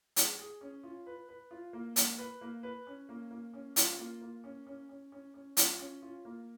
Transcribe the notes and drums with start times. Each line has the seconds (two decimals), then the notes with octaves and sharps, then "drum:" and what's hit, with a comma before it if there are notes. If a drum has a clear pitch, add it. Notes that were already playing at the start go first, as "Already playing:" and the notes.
0.16 G#4, drum: hi-hat
0.39 G#4
0.61 C#4
0.83 F4
1.07 B4
1.29 B4
1.51 F4
1.73 A#3
1.96 A#3, drum: hi-hat
2.18 B4
2.41 A#3
2.63 B4
2.87 C#4
3.09 A#3
3.31 A#3
3.53 C#4
3.76 F4, drum: hi-hat
3.99 A#3
4.21 A#3
4.44 C#4
4.67 C#4
4.89 C#4
5.12 C#4
5.34 C#4
5.57 F4, drum: hi-hat
5.79 C#4
6.02 F4
6.25 A#3